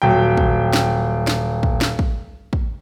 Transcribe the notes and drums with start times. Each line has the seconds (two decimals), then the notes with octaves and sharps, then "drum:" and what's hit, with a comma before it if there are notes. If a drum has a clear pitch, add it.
0.02 D#1 F#3 G5
0.37 drum: kick
0.73 drum: snare
1.27 drum: snare
1.63 drum: kick
1.81 drum: snare
1.99 drum: kick
2.53 drum: kick